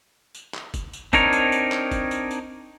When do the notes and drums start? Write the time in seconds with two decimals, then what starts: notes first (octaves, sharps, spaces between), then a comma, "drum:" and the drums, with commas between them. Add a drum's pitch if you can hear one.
0.35 drum: tambourine
0.54 drum: clap
0.74 drum: kick, tambourine
0.93 drum: tambourine
1.13 C4 D4 D#4 A#4 C#5, drum: kick, tambourine
1.33 drum: tambourine
1.52 drum: tambourine
1.72 drum: clap
1.91 drum: kick, tambourine
2.11 drum: tambourine
2.31 drum: tambourine